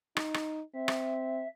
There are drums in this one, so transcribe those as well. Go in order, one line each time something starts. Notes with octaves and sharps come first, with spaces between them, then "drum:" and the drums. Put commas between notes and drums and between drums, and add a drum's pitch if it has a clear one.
D#4, drum: rim click
drum: rim click
C4 E5
drum: rim click